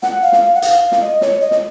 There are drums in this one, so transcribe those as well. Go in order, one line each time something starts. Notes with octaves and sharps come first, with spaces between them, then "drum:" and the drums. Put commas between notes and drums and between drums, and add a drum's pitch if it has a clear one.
F#5, drum: snare
F5
drum: snare
F5
F#5
F5, drum: hi-hat
F5
drum: snare
D#5
C#5, drum: snare
D#5
drum: snare